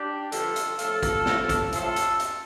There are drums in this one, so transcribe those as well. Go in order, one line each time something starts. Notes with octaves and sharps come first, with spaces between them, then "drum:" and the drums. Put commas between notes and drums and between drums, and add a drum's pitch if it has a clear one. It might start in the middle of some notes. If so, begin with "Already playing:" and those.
Already playing: D4 G4
G2 D3 F3 F4 A4, drum: hi-hat
drum: hi-hat
A2 F3 F4 A4, drum: hi-hat
drum: kick, hi-hat
A2 F3, drum: snare
drum: kick, hi-hat
A2 F3 F4 A4, drum: hi-hat
drum: hi-hat
drum: hi-hat